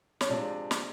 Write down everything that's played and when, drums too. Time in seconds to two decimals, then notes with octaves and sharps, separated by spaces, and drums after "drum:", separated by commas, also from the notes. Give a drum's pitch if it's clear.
0.21 C#4, drum: snare
0.29 C3 F3 G#3 D4
0.71 drum: snare